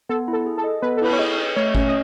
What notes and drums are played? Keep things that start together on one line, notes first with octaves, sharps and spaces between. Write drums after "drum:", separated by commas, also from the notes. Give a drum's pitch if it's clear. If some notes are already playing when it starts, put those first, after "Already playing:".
B3 A4
E4
A4
G#4
A4
D#5
B3 B4
A4
E4 B4, drum: cymbal
C#5
G#4 D#5
D#5
A3 C#5
C#4, drum: kick G#1
D#5